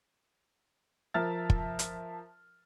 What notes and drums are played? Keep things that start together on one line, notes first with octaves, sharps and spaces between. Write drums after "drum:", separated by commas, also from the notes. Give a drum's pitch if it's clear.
F3 A#4 E5 A5 F6 A6
drum: kick
drum: hi-hat